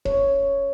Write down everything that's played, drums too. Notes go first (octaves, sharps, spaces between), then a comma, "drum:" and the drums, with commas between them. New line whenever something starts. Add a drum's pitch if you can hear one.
C#5, drum: kick E1